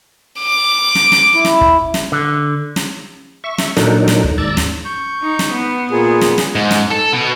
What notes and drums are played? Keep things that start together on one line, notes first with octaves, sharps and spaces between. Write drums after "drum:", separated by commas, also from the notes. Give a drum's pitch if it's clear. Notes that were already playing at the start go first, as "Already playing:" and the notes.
D6
drum: snare
drum: snare
E4
drum: snare
drum: kick
drum: snare
D3
drum: snare
E5 C#6
drum: snare
A#2 F#3 D4 D#4 A4 A#4, drum: snare
drum: snare
drum: kick
D#2 G#2 D5 A5 A#5 E6
drum: snare
C#6 G6
D#4
drum: snare
B3
A#2 G#4
drum: snare
drum: snare
G#2
drum: snare
A4
B2